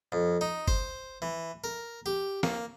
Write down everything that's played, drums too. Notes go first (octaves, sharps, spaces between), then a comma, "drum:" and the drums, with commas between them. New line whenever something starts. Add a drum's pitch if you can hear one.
F2
D#4
C5, drum: kick F#1
E3
A#4
G4
A#3, drum: snare